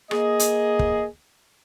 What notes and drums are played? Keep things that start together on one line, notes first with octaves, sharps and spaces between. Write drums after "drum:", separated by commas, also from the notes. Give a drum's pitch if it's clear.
A#3 G#4 D#5, drum: rim click
drum: hi-hat
drum: kick